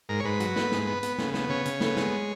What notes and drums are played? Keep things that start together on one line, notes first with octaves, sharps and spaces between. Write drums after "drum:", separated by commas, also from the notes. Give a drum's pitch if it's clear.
G#2 A#4
C#5
G#2 B4
F#3, drum: hi-hat
B3, drum: snare
G#2, drum: snare
B3
B3, drum: hi-hat
C#3, drum: snare
B3, drum: snare
C#3 C#5
C#3, drum: hi-hat
B3, drum: snare
G#3, drum: snare